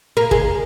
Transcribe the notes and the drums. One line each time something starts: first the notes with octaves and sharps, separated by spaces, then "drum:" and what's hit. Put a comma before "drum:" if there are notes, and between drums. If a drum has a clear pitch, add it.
A#3
G#3, drum: kick